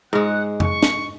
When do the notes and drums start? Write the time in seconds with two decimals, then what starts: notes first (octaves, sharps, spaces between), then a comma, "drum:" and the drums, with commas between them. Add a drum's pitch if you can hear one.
0.13 G#2 G#3 F#5
0.60 C#6, drum: tom F2
0.83 drum: snare